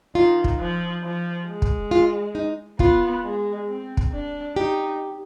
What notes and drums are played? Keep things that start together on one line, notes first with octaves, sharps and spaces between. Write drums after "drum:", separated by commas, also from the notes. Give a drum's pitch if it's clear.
D#3 F4
drum: kick
F3
F3
G#3
drum: kick
F4
D#4
B3 F4, drum: kick
G#3
C4
drum: kick
D4
D#4 G4